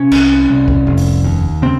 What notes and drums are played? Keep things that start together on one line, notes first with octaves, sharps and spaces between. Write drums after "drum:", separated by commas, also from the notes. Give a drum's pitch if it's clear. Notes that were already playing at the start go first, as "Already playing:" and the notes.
Already playing: C3 C#4
C2, drum: cymbal
C2
drum: kick C2
F1
drum: open hi-hat
D#2
C#3 C4